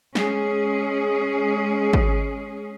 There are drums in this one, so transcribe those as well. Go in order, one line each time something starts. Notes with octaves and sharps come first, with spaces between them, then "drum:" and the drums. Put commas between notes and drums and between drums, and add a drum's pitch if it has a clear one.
G#3 C#4 G#4, drum: snare
drum: kick